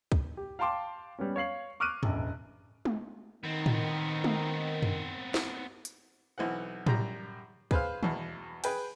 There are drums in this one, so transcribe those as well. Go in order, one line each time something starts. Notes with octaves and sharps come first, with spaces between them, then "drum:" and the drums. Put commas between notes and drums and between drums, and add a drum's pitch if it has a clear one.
drum: kick
G4
F5 G5 A5 C6 D6
G3 B3 C#4
C#5 F5 C7 F#7
C#6 D6 F6 F#6 D7 D#7
E1 A1, drum: tom F#2
drum: tom G#3
D#3 B3 C4
drum: tom A2
drum: tom G#3
drum: tom F#2
drum: snare
drum: hi-hat
B1 E3 C4 F#5
F#2 G3 A#5, drum: tom A2
G#4 B4 C5 F5, drum: kick
E2 B2, drum: tom D#3
G#4 B4 G5, drum: cymbal